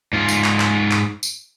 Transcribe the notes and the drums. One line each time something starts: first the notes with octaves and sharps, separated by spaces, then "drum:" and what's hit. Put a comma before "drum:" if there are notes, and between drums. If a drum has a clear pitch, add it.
G#2 F4
drum: tambourine
drum: clap
drum: clap
drum: clap
drum: tambourine